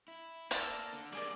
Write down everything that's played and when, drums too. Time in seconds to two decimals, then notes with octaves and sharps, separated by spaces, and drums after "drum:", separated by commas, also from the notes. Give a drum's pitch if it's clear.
0.08 E4
0.51 A#3 A4 D5 F6, drum: hi-hat
0.93 D3
1.12 G3 A#3 D4 G#4 D5